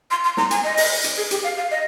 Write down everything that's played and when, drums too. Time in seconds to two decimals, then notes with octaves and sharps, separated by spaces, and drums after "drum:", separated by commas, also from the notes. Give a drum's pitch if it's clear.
0.11 C6
0.24 C6
0.37 A#5, drum: snare
0.51 G#5, drum: hi-hat
0.64 D#5
0.77 drum: open hi-hat
1.04 drum: hi-hat
1.17 G#4
1.31 G4, drum: hi-hat
1.44 F5
1.57 F5
1.71 D#5